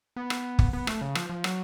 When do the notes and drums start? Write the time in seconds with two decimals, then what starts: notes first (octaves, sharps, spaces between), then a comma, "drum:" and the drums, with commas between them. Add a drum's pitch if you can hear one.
0.16 B3
0.30 drum: rim click
0.59 drum: kick
0.73 B3
0.87 A3, drum: rim click
1.01 C#3
1.15 F3, drum: rim click
1.30 F3
1.44 F#3, drum: rim click